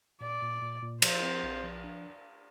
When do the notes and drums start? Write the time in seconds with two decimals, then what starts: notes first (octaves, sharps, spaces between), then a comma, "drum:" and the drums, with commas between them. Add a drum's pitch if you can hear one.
0.21 A#2 D5
0.42 A#2
0.62 A#2
0.82 A#2
1.02 F3 C5, drum: cymbal
1.23 C4
1.43 A#1
1.63 F3
1.84 D4